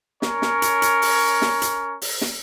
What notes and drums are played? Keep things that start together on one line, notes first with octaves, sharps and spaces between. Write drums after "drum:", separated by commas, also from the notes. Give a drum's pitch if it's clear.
C#4 A#4 C#5, drum: snare
drum: snare
drum: hi-hat
drum: hi-hat
drum: open hi-hat
drum: snare
drum: hi-hat
drum: open hi-hat
drum: snare